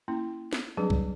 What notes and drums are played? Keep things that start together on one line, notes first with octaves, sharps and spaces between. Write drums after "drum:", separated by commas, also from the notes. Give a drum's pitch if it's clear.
A#3 C#4 E4
drum: snare
F#3 G3 C4 D4 G#4 B4
drum: kick B1